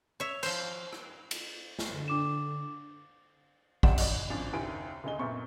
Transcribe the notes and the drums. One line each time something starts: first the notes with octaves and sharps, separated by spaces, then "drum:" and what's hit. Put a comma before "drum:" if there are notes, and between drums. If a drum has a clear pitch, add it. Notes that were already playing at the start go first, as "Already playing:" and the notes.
C#5 E5
F3 C5, drum: cymbal
drum: rim click
drum: cymbal
drum: snare
D3
D4 D6 E7
F#2 C4 G4 D5 F#5 E7, drum: kick
D#4 C#5 D5, drum: cymbal
G#1 F3 C#4 D4 A6 F7
F#1 D#2 D#3 G#5 D7
D2 C#3 C#4 D#5 G7
F#2 A#2 B3 C4 E5 C#6